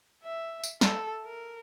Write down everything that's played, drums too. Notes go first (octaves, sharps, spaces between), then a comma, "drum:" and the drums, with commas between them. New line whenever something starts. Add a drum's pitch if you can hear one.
E5
drum: tambourine
A4, drum: snare
A#4